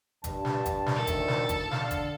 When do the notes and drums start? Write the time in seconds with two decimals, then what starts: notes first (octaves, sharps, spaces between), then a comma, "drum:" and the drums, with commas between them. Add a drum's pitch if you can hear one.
0.24 G2 A5, drum: kick G1, hi-hat
0.45 drum: snare
0.66 drum: kick G1, hi-hat
0.86 drum: snare
0.96 D2 A#2 D#3 A4
1.07 drum: kick G1, hi-hat
1.28 drum: snare
1.49 drum: kick G1, hi-hat
1.71 D3 F5, drum: snare
1.91 drum: kick G1, hi-hat